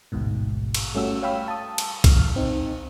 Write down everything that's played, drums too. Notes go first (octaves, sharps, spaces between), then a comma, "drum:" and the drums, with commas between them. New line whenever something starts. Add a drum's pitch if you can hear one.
A1 D2 G#2 B2
drum: cymbal
G3 A3 C#4 F#4 E6
C#5 F5 G5 B5 E6 F6
A5 D#6
drum: cymbal
F6, drum: kick, cymbal
C4 D#4